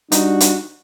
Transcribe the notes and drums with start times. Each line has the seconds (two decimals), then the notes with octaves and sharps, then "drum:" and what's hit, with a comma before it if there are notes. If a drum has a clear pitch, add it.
0.12 G3 D4 D#4 F#4, drum: hi-hat
0.40 drum: hi-hat